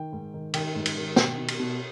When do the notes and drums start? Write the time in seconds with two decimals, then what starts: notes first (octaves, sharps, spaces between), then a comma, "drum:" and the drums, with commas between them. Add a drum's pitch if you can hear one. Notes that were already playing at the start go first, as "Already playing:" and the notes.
Already playing: D#3 G5
0.12 G#2
0.34 D#3
0.54 D#3 G5, drum: cymbal
0.75 G#2
0.86 drum: cymbal
0.96 D#3
1.16 B2 G5, drum: snare
1.38 B2
1.48 drum: cymbal
1.59 B2